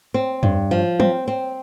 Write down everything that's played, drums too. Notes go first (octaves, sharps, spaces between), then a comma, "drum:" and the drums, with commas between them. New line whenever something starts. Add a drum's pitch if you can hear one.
C4
G2, drum: tom
F3
C4, drum: tom
C4